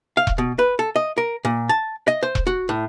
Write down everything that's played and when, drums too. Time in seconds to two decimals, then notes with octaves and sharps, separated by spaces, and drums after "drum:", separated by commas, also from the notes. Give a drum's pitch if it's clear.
0.17 F5
0.27 drum: kick E1
0.38 B2
0.59 B4
0.79 A4
0.96 D#5
1.18 A#4
1.45 A#2
1.69 A5
2.08 D#5
2.23 C5
2.35 drum: kick E1
2.47 F#4
2.69 A2